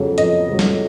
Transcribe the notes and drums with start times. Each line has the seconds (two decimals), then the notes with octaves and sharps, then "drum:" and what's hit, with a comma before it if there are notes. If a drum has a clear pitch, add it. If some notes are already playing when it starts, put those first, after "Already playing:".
Already playing: F2 C#3 F#3
0.18 F2 D#5, drum: hi-hat
0.49 C#3 F#3
0.59 drum: snare